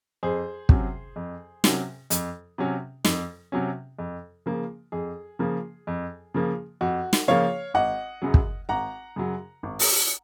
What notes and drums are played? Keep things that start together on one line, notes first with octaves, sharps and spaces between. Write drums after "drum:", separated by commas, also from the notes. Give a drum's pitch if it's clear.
F2 G#4 C5
C3 F#3 C#4, drum: kick
F2
C3 F#3 C#4, drum: snare
F2, drum: hi-hat
C3 F#3 C#4
F2, drum: snare
C3 F#3 C#4
F2
C#3 F3 A#3
F2 G#4
C#3 F3 A#3
F2
C#3 F3 A#3
F2 F#4
drum: snare
C#3 F3 A#3 C#5 F5
G#1 D#5 F#5
F#2 C#3 F#3
drum: kick
G#1 F#5 A#5
F#2 C#3 F#3
G#1
drum: open hi-hat